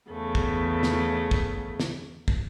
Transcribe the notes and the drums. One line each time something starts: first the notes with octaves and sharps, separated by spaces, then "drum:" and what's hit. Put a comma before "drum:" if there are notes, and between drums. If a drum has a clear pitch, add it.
E2 C#3 A3 B3
drum: kick
drum: snare
drum: kick
drum: snare
drum: kick